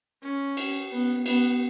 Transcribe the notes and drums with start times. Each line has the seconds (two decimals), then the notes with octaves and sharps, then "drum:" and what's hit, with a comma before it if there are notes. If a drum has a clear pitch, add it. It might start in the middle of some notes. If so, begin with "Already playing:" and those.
0.23 C#4
0.57 drum: cymbal
0.91 B3
1.26 B3, drum: cymbal